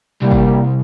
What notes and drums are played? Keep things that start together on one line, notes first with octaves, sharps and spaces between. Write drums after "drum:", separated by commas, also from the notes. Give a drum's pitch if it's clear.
C2 G3 A#3
drum: kick